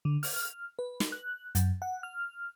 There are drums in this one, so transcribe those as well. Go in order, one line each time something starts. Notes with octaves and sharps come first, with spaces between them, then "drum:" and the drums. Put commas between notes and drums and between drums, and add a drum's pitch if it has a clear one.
D3
F6, drum: open hi-hat
F6
B4
drum: snare
F#6
F#2, drum: hi-hat
F#5
F6